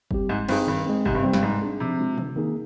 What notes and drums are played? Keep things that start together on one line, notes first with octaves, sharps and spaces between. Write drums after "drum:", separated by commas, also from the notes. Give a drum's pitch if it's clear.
G3 C4 G4, drum: kick F#1
G#2 G#3
G2 C4 D#4 G#4, drum: cymbal
G2 D#3
G#3 C4
G#2 C3, drum: kick F#1
G2
G3 C4
G2, drum: snare
G#2 G#3
D4 G#4
C3 F3
G#3 D4 F4
C3, drum: tom
D#3 A#3 D#4 G#4